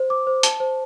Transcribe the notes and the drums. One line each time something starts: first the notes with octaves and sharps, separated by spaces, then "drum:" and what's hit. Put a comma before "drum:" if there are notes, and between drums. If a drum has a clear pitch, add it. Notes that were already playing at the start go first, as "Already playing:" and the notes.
Already playing: C5
D6
C5
A5, drum: hi-hat
C5